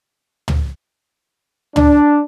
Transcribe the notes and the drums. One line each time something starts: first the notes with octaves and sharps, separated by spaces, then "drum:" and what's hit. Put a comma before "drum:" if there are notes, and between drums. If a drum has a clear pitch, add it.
drum: tom
D4, drum: tom